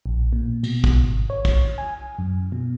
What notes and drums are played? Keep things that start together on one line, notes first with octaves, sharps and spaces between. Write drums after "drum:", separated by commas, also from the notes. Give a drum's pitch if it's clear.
A#1
A#2
B2, drum: cymbal
drum: kick
G#1
C#5
drum: kick, cymbal
G#5
F#2
B2